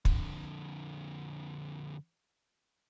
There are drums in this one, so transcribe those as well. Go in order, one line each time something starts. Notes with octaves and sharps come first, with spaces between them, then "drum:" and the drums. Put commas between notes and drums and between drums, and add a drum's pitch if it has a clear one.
F2 D3, drum: kick